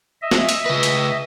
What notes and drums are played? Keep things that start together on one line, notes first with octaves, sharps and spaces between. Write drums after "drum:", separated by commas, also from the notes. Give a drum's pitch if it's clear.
D#5 E5
drum: snare
drum: hi-hat
C#3 B4
drum: hi-hat